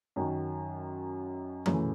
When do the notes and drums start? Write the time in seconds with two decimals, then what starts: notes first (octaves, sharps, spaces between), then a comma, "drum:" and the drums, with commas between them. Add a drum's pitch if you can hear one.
0.16 F#2 D#3 F#3
1.66 F#2 C#3 E3 A3, drum: tom E3